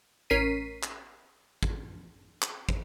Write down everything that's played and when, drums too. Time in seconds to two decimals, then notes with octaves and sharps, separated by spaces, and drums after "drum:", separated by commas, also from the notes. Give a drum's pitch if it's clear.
0.30 A1 C#4 A#4 B6 C7 D#7
0.83 drum: clap
1.63 drum: kick
2.42 drum: clap
2.69 drum: kick